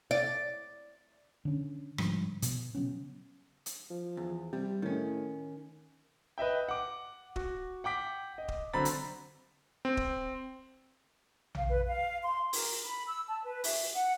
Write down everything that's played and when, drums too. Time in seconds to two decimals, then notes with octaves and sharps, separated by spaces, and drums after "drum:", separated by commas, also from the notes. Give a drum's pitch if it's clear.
0.11 D5
1.45 D3 C#4
1.98 G#2 D3 F3 G3, drum: rim click
2.42 B2, drum: hi-hat
2.75 C#3 F#3 B3 C#4
3.66 drum: hi-hat
3.90 F3
4.17 E2
4.53 C3 G3
4.82 A2 D#3 C#4
6.38 B4 D#5 E5 G5
6.69 F#5 D6
7.36 F#4, drum: kick D#1
7.84 F#5 G5 D6 B6
8.38 D#5
8.48 drum: kick D#1
8.73 D3 F#3 C4 A#5 B5 A6
8.85 drum: hi-hat
9.85 C4
9.97 drum: kick D#1
11.55 F5, drum: tom A#1
11.68 B4
11.87 F5
12.22 C6
12.53 A#4, drum: open hi-hat
12.85 B5
13.06 E6
13.27 A5
13.44 B4
13.64 E5, drum: open hi-hat
13.94 F#5